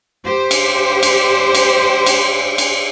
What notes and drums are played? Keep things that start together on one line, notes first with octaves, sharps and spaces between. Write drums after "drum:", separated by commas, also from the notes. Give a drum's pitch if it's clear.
G4 C5
drum: cymbal
drum: cymbal
drum: cymbal
drum: cymbal
drum: cymbal